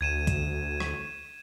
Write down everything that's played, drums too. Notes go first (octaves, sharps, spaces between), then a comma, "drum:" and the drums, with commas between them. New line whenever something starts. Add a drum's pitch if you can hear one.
D2 G#6 D#7 E7
drum: kick C#2, hi-hat
drum: rim click